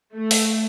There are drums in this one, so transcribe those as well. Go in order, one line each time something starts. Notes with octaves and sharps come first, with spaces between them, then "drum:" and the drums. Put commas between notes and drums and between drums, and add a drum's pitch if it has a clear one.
A3
drum: open hi-hat